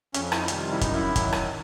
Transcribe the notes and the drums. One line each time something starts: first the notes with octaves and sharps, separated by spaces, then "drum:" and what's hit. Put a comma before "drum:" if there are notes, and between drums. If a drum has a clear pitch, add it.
F2 C#4, drum: hi-hat
E4, drum: rim click
D#4
C3 D#3 G3, drum: hi-hat
F4
E4
F#2 D#4, drum: kick G1, hi-hat
E4
D#3 F#3, drum: kick G1, hi-hat
drum: rim click